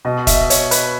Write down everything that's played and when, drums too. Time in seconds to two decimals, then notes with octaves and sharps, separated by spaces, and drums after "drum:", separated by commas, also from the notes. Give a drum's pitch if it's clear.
0.05 B2 D#5
0.27 E5, drum: kick, hi-hat
0.41 D#5
0.50 C#5, drum: hi-hat
0.71 B4, drum: hi-hat